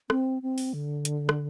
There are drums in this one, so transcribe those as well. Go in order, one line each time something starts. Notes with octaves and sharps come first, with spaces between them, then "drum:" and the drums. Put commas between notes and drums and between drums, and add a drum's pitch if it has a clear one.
C4, drum: rim click
C4
drum: open hi-hat
D3
drum: hi-hat
drum: rim click